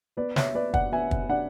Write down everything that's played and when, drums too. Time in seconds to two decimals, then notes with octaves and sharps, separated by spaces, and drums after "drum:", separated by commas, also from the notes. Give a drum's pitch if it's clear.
0.17 B3 B4 D5
0.36 C#5 E5, drum: snare
0.55 B3 B4 D5
0.74 D5 F#5, drum: kick
0.92 B3 E5 G#5
1.11 drum: kick
1.29 D4 D5 F#5